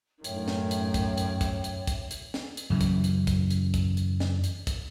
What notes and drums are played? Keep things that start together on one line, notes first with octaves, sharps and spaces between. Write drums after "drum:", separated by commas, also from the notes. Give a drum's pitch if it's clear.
F#2 A2 D#3 C#5 E5 G5, drum: hi-hat
drum: snare
drum: hi-hat
drum: kick, hi-hat
drum: hi-hat
drum: kick, hi-hat
drum: hi-hat
drum: kick, hi-hat
drum: hi-hat
drum: snare
drum: hi-hat
F#2 C#3 E3
drum: kick, hi-hat
drum: hi-hat
drum: kick, hi-hat
drum: hi-hat
drum: kick, hi-hat
drum: hi-hat
drum: snare
drum: hi-hat
drum: kick, hi-hat